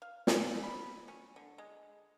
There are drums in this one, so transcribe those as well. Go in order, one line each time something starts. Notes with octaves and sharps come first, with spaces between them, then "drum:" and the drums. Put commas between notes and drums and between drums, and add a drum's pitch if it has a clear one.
F5
G#5, drum: snare
B5
C#4
D3
G#3